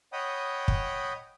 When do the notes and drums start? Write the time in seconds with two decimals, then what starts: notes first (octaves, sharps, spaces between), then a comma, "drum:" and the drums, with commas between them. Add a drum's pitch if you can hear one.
0.13 C#5 D#5 F#5 G5 B5 D#6
0.68 drum: kick